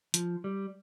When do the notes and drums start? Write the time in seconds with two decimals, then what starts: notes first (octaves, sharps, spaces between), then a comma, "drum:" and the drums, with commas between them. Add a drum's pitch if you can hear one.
0.14 F3, drum: hi-hat
0.44 G3